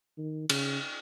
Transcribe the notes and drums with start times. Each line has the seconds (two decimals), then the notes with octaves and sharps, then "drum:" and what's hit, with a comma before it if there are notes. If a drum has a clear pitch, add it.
0.18 D#3
0.49 C#3, drum: cymbal